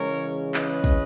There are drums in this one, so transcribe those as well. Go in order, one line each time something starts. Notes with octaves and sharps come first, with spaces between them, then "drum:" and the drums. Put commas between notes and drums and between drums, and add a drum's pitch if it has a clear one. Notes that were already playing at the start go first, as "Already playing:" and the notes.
Already playing: C#3 E3 G#3 C#4 A#4 C#5
B4 D#5, drum: clap
drum: kick, tambourine